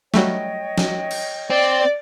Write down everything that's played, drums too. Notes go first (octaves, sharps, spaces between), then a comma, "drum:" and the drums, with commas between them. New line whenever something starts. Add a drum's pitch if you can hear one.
F#3 G3 A3 C#5 D#5 G5, drum: snare
drum: snare
drum: cymbal
C4 D5